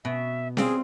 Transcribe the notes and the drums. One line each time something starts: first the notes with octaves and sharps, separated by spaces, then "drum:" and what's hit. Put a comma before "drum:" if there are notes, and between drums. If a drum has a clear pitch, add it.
B2 E5
G3 C4 F4 G#4, drum: snare C#4